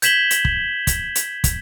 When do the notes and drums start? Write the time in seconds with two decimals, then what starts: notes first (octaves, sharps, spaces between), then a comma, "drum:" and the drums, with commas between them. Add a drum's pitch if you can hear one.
0.02 G6 G#6 B6 E7 F#7 G7, drum: hi-hat
0.31 drum: hi-hat
0.45 drum: kick
0.87 drum: kick, hi-hat
1.15 drum: hi-hat
1.44 drum: kick, hi-hat